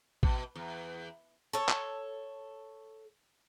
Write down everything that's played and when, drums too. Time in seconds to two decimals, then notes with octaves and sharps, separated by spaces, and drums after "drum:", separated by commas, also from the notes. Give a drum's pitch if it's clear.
0.23 B2, drum: kick A1
0.55 E2
1.53 A4 C#5
1.69 drum: clap